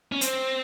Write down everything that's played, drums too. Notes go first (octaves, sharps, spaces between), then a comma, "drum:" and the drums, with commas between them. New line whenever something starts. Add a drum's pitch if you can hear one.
C#4
C4, drum: hi-hat